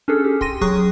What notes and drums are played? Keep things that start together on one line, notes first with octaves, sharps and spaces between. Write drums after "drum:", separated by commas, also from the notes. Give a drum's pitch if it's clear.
C#4 D4 G#4 A4
G4
G5 C6 A#6 D#7, drum: kick
F#3 G#4 C#6 D#6 F#6, drum: kick